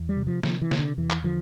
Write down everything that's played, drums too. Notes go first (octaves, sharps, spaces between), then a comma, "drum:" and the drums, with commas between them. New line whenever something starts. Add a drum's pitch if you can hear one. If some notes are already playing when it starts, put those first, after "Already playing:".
Already playing: E2
G3
C3
F3
C3 F3, drum: snare
E3
C3, drum: snare
D3
E2 E3
drum: clap
D3 F3